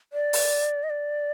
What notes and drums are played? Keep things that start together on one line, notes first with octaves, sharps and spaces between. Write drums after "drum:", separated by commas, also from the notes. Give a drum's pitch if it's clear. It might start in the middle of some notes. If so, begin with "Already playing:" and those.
D5
drum: open hi-hat
D#5
D5